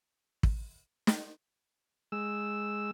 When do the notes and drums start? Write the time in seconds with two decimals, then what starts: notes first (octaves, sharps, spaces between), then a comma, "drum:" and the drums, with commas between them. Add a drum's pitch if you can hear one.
0.43 drum: kick
1.07 drum: snare
2.12 G#3 E6